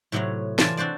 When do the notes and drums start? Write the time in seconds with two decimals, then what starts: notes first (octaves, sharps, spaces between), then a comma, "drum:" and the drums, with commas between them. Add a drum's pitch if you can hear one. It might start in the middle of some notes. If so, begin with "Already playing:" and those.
0.12 A2 C3 F#3 E4 C#5
0.59 E3 F4 D5 G#5 A5, drum: snare
0.77 C4 D4 F#4 C5 D5